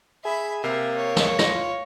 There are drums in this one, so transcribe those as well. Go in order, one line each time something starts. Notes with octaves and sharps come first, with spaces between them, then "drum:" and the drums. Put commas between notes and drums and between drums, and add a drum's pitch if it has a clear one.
G#4 E5 B5
C3 A#3 E5 F5
C#5
drum: snare
F4 A#6, drum: snare